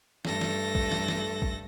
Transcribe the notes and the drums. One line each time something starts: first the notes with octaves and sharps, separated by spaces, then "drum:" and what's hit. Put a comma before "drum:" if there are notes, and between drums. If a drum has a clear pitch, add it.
G2 A3 A4 A#6, drum: snare
drum: snare
drum: kick
drum: snare
drum: snare
drum: kick